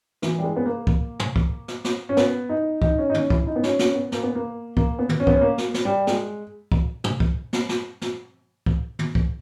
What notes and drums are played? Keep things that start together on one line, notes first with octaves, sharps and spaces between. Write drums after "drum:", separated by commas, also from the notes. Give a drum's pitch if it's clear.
E3, drum: snare
G3
G#3
B3
A#3
drum: kick
drum: tom
drum: kick
drum: snare
drum: snare
C#4
B3, drum: snare
D#4
D#4, drum: kick
C#4
D#4
C#4, drum: tom
E4, drum: kick
D#4
B3
C#4, drum: snare
C#4, drum: snare
B3
A#3, drum: snare
B3
A#3
A#3, drum: kick
B3
drum: tom
C#4
B3, drum: kick
C#4
A#3
drum: snare
drum: snare
G3
G#3, drum: snare
drum: kick
drum: tom
drum: kick
drum: snare
drum: snare
drum: snare
drum: kick
drum: tom
drum: kick